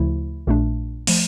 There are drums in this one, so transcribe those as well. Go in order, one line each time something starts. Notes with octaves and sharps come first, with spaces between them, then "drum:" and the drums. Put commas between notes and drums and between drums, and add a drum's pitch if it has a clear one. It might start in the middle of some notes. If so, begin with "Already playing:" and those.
Already playing: D2 C#3 F3 A3 E4
A#1 A#2 A3 D4
F3 A3, drum: open hi-hat